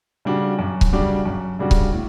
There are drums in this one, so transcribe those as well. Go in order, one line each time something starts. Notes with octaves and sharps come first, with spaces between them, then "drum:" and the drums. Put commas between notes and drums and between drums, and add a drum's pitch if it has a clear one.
C#3 G3 D4 F#4
F#2
drum: kick C#1
C#3 G3 D4 F#4
F#2
C#3 G3 D4 F#4
drum: kick C#1
A2